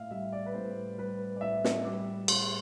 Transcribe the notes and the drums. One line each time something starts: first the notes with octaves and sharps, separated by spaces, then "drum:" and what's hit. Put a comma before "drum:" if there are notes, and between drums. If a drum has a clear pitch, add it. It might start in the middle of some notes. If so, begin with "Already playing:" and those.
Already playing: A2 E5 F5
G3 E5
D5
B4
A2 C5
G3 B4
D5
A2 E5
drum: snare
G3 D6
A2 C6, drum: cymbal